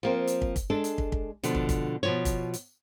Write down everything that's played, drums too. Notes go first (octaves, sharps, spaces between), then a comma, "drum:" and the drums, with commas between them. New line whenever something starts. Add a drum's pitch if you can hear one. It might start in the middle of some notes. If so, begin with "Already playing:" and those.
F3 A#3 C4
drum: hi-hat
drum: kick
drum: kick, hi-hat
G#3 D4 A4
drum: hi-hat
drum: kick
drum: kick
B2 D3 F3, drum: hi-hat
drum: kick
drum: kick, hi-hat
B2 F3 C#5
drum: kick, hi-hat
drum: hi-hat